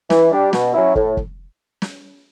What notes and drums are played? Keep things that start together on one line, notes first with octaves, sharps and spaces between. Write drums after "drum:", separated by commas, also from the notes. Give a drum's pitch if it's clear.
E3, drum: snare
G3 D4 G4
B2, drum: snare
F#3 C#4 E4
A2, drum: kick
drum: kick
drum: snare